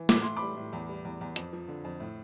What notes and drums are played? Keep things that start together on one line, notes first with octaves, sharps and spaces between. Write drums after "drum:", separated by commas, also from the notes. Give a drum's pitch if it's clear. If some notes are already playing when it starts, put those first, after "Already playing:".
Already playing: E3
A2 D6, drum: snare
A2 C6
B5 D6
G3
A2
E2
G3
E2
E2
F2, drum: hi-hat
F3
D3
F2
A2